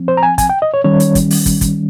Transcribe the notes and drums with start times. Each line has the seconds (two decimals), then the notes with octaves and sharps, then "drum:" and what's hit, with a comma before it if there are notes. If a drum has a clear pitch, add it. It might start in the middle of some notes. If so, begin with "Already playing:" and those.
Already playing: F3 C4
0.08 C5
0.17 A#5
0.23 G#5
0.38 G#5, drum: kick, hi-hat
0.50 G5
0.62 D#5
0.74 C#5
0.84 D#3 G3 C#4 C#5
1.00 drum: hi-hat
1.15 drum: kick, hi-hat
1.31 drum: open hi-hat
1.46 drum: kick, hi-hat
1.61 drum: kick, hi-hat